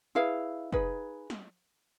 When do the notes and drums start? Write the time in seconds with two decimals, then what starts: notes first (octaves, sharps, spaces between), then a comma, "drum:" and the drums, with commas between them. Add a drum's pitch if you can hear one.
0.15 E4 G#4 B4 F5
0.72 D#4 G#4 B4, drum: kick
1.30 drum: snare